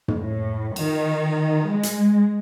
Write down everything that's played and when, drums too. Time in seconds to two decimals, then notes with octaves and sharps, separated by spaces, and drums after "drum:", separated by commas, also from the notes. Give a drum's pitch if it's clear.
0.08 drum: tom
0.18 A2
0.76 D#3, drum: cymbal
1.70 G#3
1.83 drum: hi-hat